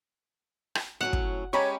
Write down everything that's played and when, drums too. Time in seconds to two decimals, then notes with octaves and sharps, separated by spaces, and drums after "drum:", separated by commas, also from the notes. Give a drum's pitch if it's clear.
0.75 drum: rim click
1.01 A2 F#3 C#4 F#5
1.13 drum: kick
1.53 G#3 C#4 G4 C#5 A#5 B5 C#6